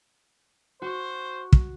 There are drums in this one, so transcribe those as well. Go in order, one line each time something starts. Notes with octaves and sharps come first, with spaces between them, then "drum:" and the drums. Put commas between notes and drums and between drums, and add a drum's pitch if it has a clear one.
F#4 C5 C#6
drum: kick